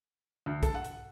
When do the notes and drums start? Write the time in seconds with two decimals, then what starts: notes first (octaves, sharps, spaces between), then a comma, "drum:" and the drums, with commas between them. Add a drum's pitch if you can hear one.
0.46 D2
0.63 A4, drum: kick, hi-hat
0.74 F#5
0.84 drum: hi-hat